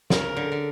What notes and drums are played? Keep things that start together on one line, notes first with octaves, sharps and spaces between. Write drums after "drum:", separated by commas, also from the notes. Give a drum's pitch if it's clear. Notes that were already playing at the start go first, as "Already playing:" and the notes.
C#3 A#4, drum: snare
D3
D3